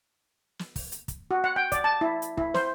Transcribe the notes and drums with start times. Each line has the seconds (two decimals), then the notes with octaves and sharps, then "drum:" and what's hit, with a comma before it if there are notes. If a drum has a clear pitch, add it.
0.59 drum: snare
0.76 drum: kick, open hi-hat
0.92 drum: hi-hat
1.08 drum: kick, hi-hat
1.31 F#4
1.44 F#5
1.56 G5
1.72 D5, drum: kick, hi-hat
1.84 A5
2.01 E4
2.22 drum: hi-hat
2.37 E4, drum: kick
2.54 C5, drum: snare